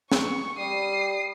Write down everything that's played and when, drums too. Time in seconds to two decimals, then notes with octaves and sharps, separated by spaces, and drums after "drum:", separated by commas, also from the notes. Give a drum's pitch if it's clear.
0.12 C#6, drum: snare
0.58 G3 D#6 C7